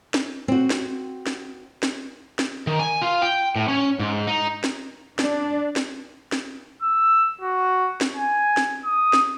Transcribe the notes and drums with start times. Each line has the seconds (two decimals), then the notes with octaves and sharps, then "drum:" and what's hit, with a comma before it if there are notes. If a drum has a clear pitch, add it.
0.14 drum: snare
0.48 C4 F#4
0.70 drum: snare
1.27 drum: snare
1.83 drum: snare
2.39 drum: snare
2.67 D#3
2.80 G#5
3.01 F4
3.22 G5
3.56 A2
3.68 C#4
4.00 G#2
4.27 D#4
4.64 drum: snare
5.19 D4, drum: snare
5.76 drum: snare
6.32 drum: snare
6.82 E6
7.41 F#4
8.01 drum: snare
8.16 G#5
8.57 drum: snare
8.85 D#6
9.13 drum: snare